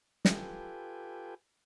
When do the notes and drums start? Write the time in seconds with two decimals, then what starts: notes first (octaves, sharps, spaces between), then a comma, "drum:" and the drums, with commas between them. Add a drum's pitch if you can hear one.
0.25 F4 G4 A4 B4 G5 G#5, drum: snare